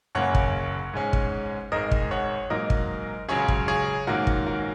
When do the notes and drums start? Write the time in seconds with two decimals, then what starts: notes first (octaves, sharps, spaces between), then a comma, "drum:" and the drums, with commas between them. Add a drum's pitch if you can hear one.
0.15 F#1 F#2 C#3 A#3 C#5 F#5
0.35 drum: kick
0.93 G#2 G#3 C#4
1.13 drum: kick
1.72 G#1 G#2 G#3 A#4 D#5
1.91 drum: kick
2.11 C#5 F#5
2.50 G#2 F#3 A#3 A#4 D#5
2.70 drum: kick
3.29 C#2 C#3 F#3 C#4 G#4 C#5
3.48 drum: kick
3.68 G#4 C#5
4.07 G#2 D#3 A#3 C#4 F#4 A#4
4.27 drum: kick
4.46 F#4 A#4